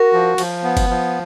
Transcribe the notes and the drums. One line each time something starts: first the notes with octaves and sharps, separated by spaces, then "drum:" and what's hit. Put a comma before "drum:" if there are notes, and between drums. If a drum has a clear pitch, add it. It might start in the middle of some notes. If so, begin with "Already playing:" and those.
Already playing: F#4 A#4
F3
F3, drum: cymbal
B3
drum: kick F#1, cymbal
F3